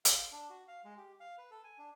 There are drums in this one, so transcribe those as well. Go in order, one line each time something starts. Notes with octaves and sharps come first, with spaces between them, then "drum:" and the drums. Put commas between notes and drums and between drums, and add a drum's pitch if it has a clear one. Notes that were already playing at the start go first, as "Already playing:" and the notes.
F5, drum: hi-hat
D4
F#4
F5
G#3
G4
F5
B4
A4
G#5
D4